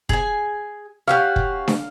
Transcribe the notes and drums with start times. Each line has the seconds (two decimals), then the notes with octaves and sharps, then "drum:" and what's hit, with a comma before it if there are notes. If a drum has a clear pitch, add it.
0.09 G#4 G#5, drum: kick
1.08 C#4 F#4 G4 F5
1.36 drum: kick
1.68 drum: snare